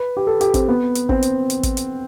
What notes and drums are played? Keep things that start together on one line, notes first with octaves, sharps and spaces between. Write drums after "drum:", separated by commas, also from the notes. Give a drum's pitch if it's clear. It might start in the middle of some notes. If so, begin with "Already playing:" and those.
Already playing: B4
G4
A4
G4, drum: hi-hat
C4, drum: kick, hi-hat
B3
drum: hi-hat
C4, drum: kick
drum: hi-hat
drum: hi-hat
drum: kick, hi-hat
drum: hi-hat